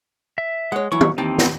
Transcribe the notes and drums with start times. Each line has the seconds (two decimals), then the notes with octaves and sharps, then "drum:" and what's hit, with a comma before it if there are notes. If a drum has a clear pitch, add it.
0.38 E5
0.72 G#3 C#5 F#5
0.92 E3 F#3 E4 C#6
1.01 drum: tom
1.18 D#2 E3 C4 D#4 G4 A5
1.38 drum: snare